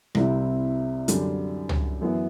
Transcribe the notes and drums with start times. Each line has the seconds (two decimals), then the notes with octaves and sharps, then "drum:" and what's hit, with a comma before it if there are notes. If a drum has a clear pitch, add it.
0.15 C2 C3 G3 C4 E4, drum: rim click
1.08 F#2 D3 G3 D4, drum: hi-hat
1.69 drum: tom
2.01 F#2 E3 B3 E4